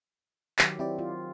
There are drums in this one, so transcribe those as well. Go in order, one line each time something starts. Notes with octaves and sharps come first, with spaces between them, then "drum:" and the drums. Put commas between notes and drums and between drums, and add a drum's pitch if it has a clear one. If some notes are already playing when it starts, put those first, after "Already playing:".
D#3 F#3 G4, drum: clap
C4 E4 G4 D5
F4